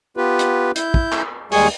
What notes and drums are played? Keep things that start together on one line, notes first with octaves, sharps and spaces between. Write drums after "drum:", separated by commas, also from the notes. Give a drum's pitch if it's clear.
B3 F4 G4 B4
drum: hi-hat
E4 G6, drum: hi-hat
drum: kick
drum: clap
D#2 G3 G#3 G#4 G#5 C#6, drum: open hi-hat